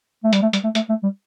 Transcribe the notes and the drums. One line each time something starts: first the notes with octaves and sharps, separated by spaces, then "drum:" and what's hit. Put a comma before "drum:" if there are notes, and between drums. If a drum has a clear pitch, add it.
A3
G3, drum: hi-hat
A3
G3, drum: hi-hat
A3
A3, drum: hi-hat
A3
G3